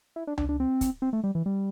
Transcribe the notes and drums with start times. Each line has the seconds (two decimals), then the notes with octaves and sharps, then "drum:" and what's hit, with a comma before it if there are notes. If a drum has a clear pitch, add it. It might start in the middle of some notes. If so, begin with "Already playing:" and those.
0.16 E4
0.27 D4
0.38 D4, drum: tom C#2
0.49 D4
0.60 C4
0.81 drum: kick, hi-hat
1.02 C4
1.13 A3
1.24 G3
1.35 E3
1.46 G3